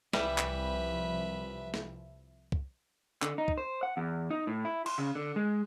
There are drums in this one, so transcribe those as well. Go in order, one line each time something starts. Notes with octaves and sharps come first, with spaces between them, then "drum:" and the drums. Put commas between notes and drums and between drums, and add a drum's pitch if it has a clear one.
C2 E3 F3 G3 B4 E5, drum: snare
drum: clap
drum: snare
drum: kick
D3, drum: clap
D#4
drum: kick
C5
F#5
E2
D#4
A2
E4
C6, drum: cymbal
C#3
D3
G#3